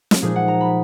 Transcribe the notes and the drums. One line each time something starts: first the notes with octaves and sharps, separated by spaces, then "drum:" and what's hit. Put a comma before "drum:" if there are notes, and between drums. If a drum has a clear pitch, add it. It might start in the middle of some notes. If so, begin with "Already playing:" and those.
drum: snare
A#2 F3 G#3 D#4 G#4
F#5
A#5
B5